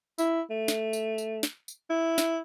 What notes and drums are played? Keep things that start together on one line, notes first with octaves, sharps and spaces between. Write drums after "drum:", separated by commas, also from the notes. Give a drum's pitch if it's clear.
E4, drum: tambourine
A3
drum: snare
drum: tambourine
drum: tambourine
drum: snare
drum: tambourine
E4
drum: snare